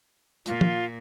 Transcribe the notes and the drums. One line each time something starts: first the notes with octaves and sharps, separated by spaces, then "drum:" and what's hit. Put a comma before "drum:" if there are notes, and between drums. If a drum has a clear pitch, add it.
A#2 F4, drum: hi-hat
drum: tom